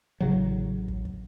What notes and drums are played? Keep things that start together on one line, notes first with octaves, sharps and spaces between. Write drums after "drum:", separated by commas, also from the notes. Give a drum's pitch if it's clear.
A1 C#3 F#3
drum: kick
drum: kick